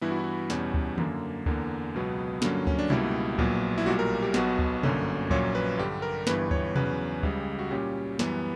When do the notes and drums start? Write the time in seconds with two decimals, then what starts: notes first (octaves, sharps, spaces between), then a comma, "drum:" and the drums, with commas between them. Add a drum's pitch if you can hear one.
0.01 G2 E3 B3 E4
0.11 F#4
0.19 E4
0.50 E2 B2 G3 C#4, drum: snare
0.74 drum: kick D2
0.98 F#2 D3 A#3, drum: tom D#3
1.46 E2 D3 A#3, drum: kick D2
1.95 C#2 B2 F#3 B3
2.42 G2 D3 F#3 A#3 C#4, drum: snare
2.67 C#4, drum: kick D2
2.79 D4
2.90 C#2 B2 G3 A#3 E4, drum: tom B2
3.38 A#1 A#2 F#3 B3, drum: kick D2
3.78 E4
3.86 B1 A#2 G3 F#4
3.99 A#4
4.22 G4
4.34 B1 B2 F#3 B3 F#4, drum: snare
4.59 drum: kick D2
4.83 G1 F#2 D3 A#3 C#4, drum: tom B2
5.30 A#1 A#2 F#3 A#3 C#4 C#5, drum: kick D2
5.55 B4
5.78 G2 D3 G3 G4
6.02 A#4
6.27 G1 G2 E3 B3 B4, drum: snare
6.51 C#5, drum: kick D2
6.76 E2 C#3 F#3 C#4 B4, drum: tom B2
7.23 C#2 C#3 G3, drum: kick D2
7.59 F#4
7.71 A#2 G3 C#4 G4
8.19 F#2 E3 G3 B3, drum: snare